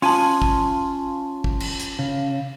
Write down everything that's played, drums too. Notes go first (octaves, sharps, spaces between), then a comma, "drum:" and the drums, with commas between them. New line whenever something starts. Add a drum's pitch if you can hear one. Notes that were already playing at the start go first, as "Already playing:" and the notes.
C#4 F4 G#5 A5 C6, drum: open hi-hat
drum: kick
drum: kick
drum: cymbal
drum: hi-hat
C#3